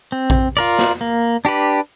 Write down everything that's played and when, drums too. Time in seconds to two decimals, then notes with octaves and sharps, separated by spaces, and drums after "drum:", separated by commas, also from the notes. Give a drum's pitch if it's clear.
0.12 C4
0.30 drum: kick A#1
0.57 F4 A#4 D5
0.79 drum: snare
1.01 A#3
1.45 D4 G4 B4